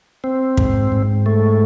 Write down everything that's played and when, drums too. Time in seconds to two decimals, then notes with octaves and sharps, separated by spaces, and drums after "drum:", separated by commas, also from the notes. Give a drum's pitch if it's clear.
0.24 C4
0.57 G#2, drum: kick
0.92 G#2
1.26 A3